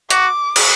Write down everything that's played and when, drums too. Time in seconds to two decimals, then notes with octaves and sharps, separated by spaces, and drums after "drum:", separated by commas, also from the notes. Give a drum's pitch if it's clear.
0.10 F#4 D6, drum: hi-hat
0.56 drum: cymbal